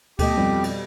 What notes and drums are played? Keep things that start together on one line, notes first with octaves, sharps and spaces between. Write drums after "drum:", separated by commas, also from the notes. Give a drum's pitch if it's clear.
B2 A3 G4 A4 D#5, drum: kick D2, cymbal
F2 G3
drum: cymbal